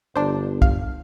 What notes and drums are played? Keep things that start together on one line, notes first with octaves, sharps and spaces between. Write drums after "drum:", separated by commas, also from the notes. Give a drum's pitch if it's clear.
G1 D4 C5
F5, drum: kick